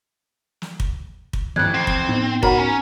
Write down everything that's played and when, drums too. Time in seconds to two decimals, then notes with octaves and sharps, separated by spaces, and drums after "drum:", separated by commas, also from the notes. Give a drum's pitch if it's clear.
0.62 drum: snare
0.80 drum: kick
1.33 drum: kick
1.56 A1 F2 F#6 G#6
1.74 C4
1.87 drum: kick
2.09 A2 B3 D#4
2.43 F#3 F#4 A#4 C#5 F#5 A#5 B5, drum: kick
2.59 C#4 G#5